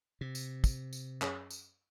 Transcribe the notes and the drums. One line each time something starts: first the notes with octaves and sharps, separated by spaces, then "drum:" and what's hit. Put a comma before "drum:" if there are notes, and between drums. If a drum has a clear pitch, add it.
C3
drum: tambourine
drum: kick, tambourine
drum: tambourine
F#2 C#4 G#4, drum: clap
drum: tambourine